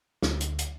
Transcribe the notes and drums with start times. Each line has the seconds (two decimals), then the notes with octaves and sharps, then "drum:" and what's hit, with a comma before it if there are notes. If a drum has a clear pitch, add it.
0.23 D2, drum: snare
0.41 drum: hi-hat
0.59 drum: hi-hat